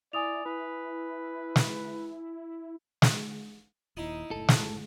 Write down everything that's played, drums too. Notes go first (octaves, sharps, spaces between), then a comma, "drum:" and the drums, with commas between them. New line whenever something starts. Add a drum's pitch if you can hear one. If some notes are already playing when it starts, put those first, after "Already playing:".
E4 D5 G#5 D#6 F7
E4 B4
drum: snare
drum: snare
D#1 D#2 D#4 E4 D#6
F#1 A2 A4
drum: snare